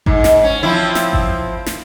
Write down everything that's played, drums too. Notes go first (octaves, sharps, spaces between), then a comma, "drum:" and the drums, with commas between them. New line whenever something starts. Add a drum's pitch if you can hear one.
G#2, drum: kick G#1
drum: snare
C#4
F3 C4 E4
drum: snare
drum: kick G#1
drum: snare